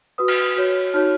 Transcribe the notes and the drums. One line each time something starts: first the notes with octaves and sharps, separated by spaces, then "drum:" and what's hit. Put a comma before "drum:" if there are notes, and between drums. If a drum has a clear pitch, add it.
F#4 B4 D#6
drum: cymbal
F#4 C#5
D#4 F#4 C#5 F6